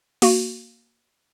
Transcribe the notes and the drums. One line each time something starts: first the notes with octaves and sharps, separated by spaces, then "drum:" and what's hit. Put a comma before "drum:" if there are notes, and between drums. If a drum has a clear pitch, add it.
A#3 F#4, drum: open hi-hat